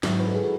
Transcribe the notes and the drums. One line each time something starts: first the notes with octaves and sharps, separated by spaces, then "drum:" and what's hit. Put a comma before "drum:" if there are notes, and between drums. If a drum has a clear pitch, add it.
G#2 D#3 F#3 E4, drum: snare
B4
A4
G#4
F#4